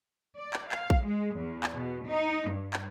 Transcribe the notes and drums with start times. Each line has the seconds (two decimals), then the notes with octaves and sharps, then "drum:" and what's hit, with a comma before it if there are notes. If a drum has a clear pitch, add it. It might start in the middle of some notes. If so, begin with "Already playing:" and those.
0.39 D5
0.53 drum: clap
0.72 F5, drum: clap
0.90 drum: kick A#1
1.05 G#3
1.37 E2
1.63 drum: clap
1.76 B2
2.08 D#4
2.51 G2
2.73 drum: clap